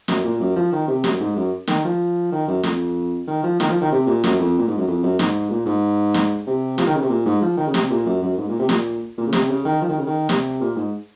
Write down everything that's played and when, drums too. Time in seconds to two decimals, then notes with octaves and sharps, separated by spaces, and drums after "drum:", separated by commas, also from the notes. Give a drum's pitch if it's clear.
0.08 F#2, drum: snare
0.24 A#2
0.40 F#2
0.56 F3
0.72 D#3
0.88 C3
1.04 F#2, drum: snare
1.20 G#2
1.37 F#2
1.67 D#3, drum: snare
1.85 F3
2.32 D#3
2.48 F#2
2.63 F2, drum: snare
3.27 D#3
3.43 F3
3.60 D#3, drum: snare
3.70 F3
3.81 D#3
3.92 C3
4.07 A#2
4.24 F#2, drum: snare
4.39 F2
4.59 A#2
4.68 G#2
4.78 F#2
4.87 F2
5.02 F#2
5.19 G#2, drum: snare
5.50 A#2
5.66 G#2
6.14 drum: snare
6.47 C3
6.78 F3, drum: snare
6.87 D#3
6.95 C#3
7.02 C3
7.09 A#2
7.26 G#2
7.42 F3
7.57 D#3
7.67 C#3
7.74 C3, drum: snare
7.90 A#2
8.06 F#2
8.22 F#2
8.37 G#2
8.49 A#2
8.59 C3
8.69 A#2, drum: snare
9.18 A#2
9.27 C#3
9.33 C3, drum: snare
9.49 C#3
9.65 D#3
9.82 F3
9.89 D#3
9.98 C#3
10.07 D#3
10.29 C3, drum: snare
10.61 A#2
10.76 G#2